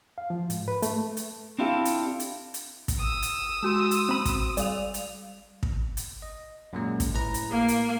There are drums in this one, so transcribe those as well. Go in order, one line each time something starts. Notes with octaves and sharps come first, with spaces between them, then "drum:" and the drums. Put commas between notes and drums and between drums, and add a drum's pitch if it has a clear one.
F5
F3
G#2, drum: hi-hat
B4
A3, drum: hi-hat
drum: hi-hat
C4 D4 E4 F4 G4 A4
drum: hi-hat
drum: hi-hat
drum: hi-hat
drum: kick, hi-hat
D#6 E6
drum: hi-hat
G#3 F#4 C6
drum: hi-hat
C4 B5
drum: kick, hi-hat
G3 D5 F5 F7, drum: hi-hat
drum: hi-hat
drum: kick
drum: hi-hat
D#5
F#2 A#2 G#3
drum: kick, hi-hat
A2 B4 A#5
drum: hi-hat
A#3
drum: hi-hat